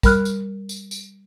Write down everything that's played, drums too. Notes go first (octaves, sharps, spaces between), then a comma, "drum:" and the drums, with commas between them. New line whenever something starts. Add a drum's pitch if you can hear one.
G3 A#4 B5 F6 F#6, drum: kick, tambourine
drum: tambourine
drum: tambourine
drum: tambourine